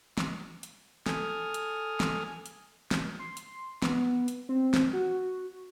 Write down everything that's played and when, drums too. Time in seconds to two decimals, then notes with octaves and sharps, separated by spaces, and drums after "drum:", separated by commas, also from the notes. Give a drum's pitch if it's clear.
0.18 drum: snare
0.63 drum: hi-hat
1.06 A4 G#5 D#6 F6, drum: snare
1.54 drum: hi-hat
2.00 drum: snare
2.46 drum: hi-hat
2.91 drum: snare
3.19 C6
3.37 drum: hi-hat
3.82 B3, drum: snare
4.28 drum: hi-hat
4.49 C4
4.74 drum: snare
4.93 F#4